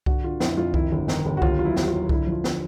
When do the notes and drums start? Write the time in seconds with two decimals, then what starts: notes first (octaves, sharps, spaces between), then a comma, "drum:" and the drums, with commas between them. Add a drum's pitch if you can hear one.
0.06 D3 F#4, drum: kick C2
0.24 D3 F4
0.40 F2 E4, drum: snare
0.57 F2 F4
0.74 D#3 E4, drum: kick C2
0.92 G1
1.08 D#3, drum: snare
1.26 G1
1.37 F#4
1.42 D#2 F4, drum: kick C2
1.59 F#3 F4
1.65 E4
1.76 D#2, drum: snare
1.88 F#3 F4
2.09 D3 E4, drum: kick C2
2.27 F3
2.32 F4
2.44 D3, drum: snare